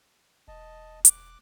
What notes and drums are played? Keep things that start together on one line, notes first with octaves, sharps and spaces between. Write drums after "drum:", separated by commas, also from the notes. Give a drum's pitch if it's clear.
E1 D#5 A5
D6 F#6, drum: hi-hat